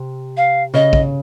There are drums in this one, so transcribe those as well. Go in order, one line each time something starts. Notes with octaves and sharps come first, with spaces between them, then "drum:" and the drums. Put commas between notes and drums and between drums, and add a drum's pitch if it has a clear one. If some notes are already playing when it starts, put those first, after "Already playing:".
Already playing: C3
F5
C#3 D#5
drum: kick